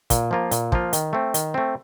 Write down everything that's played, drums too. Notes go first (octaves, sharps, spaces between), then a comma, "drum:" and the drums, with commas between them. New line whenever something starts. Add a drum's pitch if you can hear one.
A#2, drum: kick, hi-hat
F3 A#3 F4
A#2, drum: hi-hat
F3 A#3 F4, drum: kick
D#3, drum: hi-hat
A3 C4
D#3, drum: hi-hat
A3 C4